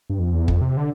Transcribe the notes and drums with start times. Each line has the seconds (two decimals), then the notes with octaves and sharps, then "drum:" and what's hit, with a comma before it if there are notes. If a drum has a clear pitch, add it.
0.10 G2
0.19 F2
0.33 E2
0.48 F2, drum: kick
0.61 C3
0.77 D3